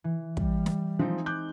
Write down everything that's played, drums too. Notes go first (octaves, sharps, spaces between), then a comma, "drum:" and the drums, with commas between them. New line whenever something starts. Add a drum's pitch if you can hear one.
E3
G3, drum: kick
drum: snare
F3 G#3 C4 D#4
D6 F#6 G6